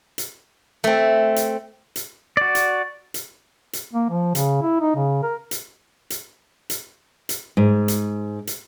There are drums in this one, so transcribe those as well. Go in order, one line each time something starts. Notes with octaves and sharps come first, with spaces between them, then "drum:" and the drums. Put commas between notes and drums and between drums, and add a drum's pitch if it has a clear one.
drum: hi-hat
A3 C4
drum: hi-hat
drum: hi-hat
F#4 D5
drum: hi-hat
drum: hi-hat
drum: hi-hat
A#3
F3
C#3, drum: hi-hat
E4
D#4
C#3
A#4
drum: hi-hat
drum: hi-hat
drum: hi-hat
drum: hi-hat
G#2
drum: hi-hat
drum: hi-hat